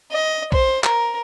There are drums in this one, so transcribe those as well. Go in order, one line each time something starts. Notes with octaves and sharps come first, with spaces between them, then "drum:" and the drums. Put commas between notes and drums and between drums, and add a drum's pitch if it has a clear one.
D#5
C5, drum: kick
A#4, drum: clap